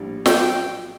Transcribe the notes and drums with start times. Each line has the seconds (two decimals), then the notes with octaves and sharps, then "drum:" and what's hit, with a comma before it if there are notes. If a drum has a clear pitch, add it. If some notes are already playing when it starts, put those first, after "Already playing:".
Already playing: A#1 A2 G3 D4
0.26 F#3 G5, drum: snare